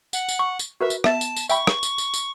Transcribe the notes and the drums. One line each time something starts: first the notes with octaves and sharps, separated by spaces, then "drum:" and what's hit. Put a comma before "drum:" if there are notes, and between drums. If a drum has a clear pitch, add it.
F#5, drum: tambourine
drum: tambourine
C#6
drum: tambourine
F#4 A#4 B4 E5
drum: tambourine
B3 E5 A5 A6, drum: rim click
drum: tambourine
drum: tambourine
E5 G5 B5 C#6, drum: tambourine
drum: rim click
drum: tambourine
drum: tambourine
drum: tambourine